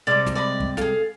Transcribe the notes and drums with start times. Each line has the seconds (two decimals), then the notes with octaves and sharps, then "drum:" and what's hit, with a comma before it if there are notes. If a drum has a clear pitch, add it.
0.07 C3 G3 G#3 D5 D6
0.26 drum: snare
0.35 D5 D#5 B5
0.60 drum: kick
0.77 G#4 A4 F5, drum: snare